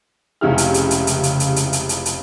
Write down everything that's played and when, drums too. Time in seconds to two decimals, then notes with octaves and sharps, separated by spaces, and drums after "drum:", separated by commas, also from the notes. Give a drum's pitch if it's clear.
0.41 F1 C#2 C#3 E4 G4 F6
0.58 drum: hi-hat
0.74 drum: hi-hat
0.91 drum: hi-hat
1.07 drum: hi-hat
1.23 drum: hi-hat
1.40 drum: hi-hat
1.56 drum: hi-hat
1.73 drum: hi-hat
1.89 drum: hi-hat
2.06 drum: hi-hat